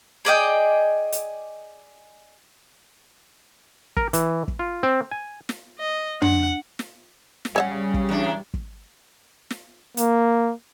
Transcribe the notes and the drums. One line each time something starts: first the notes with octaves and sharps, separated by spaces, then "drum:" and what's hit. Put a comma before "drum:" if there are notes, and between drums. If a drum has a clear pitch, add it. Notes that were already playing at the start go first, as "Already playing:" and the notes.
G#4 D5 D#5 G5
drum: hi-hat
A#4, drum: kick
E3, drum: hi-hat
drum: kick
F4
C4
G#5
drum: snare
D#5
D4 F#5, drum: tom
drum: snare
drum: snare
C#3 G3 C#5 E5 F#5 G#5
drum: kick
E2 D4
drum: kick
drum: snare
A#3, drum: hi-hat